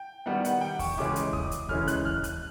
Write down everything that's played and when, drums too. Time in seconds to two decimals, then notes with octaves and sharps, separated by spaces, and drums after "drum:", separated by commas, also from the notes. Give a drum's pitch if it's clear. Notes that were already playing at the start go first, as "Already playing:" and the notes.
Already playing: G5
0.26 D#3 G3 B3 F#5
0.45 F#5, drum: hi-hat
0.61 G5
0.79 C#6, drum: kick D#2, open hi-hat
0.97 C#3 E3 G#3 C#4 E4 D6
1.16 drum: hi-hat
1.33 D#6, drum: kick D#2
1.51 drum: hi-hat
1.69 C#3 E3 G#3 C#4 E4 F6, drum: kick D#2
1.88 F#6, drum: hi-hat
2.05 F6, drum: kick D#2
2.24 F#6, drum: hi-hat